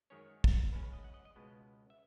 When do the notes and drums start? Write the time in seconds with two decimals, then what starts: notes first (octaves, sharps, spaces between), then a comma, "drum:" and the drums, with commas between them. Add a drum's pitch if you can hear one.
0.10 F#2 D#3 G#3 C#4 C#5
0.44 drum: kick
0.72 F#2 C#3 G#3 C#4 B4
0.83 B4
0.93 D#5
1.04 F#5
1.14 D#5
1.25 D#5
1.36 C#2 B2 G#3 B3
1.90 E5